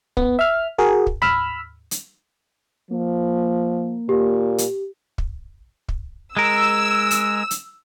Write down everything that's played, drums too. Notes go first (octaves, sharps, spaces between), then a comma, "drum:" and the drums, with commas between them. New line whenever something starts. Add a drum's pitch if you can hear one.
B3, drum: kick
E5 F6
F#4 G#4 A#4
drum: kick
B5 E6 F6, drum: tom
drum: hi-hat
F3 A#3
A#2 G4
drum: hi-hat
drum: kick
drum: kick
G#3 A#4 E6
drum: hi-hat
drum: hi-hat